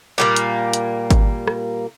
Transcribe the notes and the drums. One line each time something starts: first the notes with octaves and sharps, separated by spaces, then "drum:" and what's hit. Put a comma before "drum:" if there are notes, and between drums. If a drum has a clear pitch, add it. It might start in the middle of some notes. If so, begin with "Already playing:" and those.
A#2 G3 A#3 F5 D6
drum: hi-hat
drum: hi-hat
drum: kick G#1, hi-hat
drum: rim click